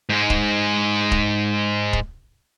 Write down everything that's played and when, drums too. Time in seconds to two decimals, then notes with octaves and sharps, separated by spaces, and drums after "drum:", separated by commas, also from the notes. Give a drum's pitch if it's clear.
0.09 G#2 G#3
0.30 drum: kick
1.11 drum: kick
1.93 drum: kick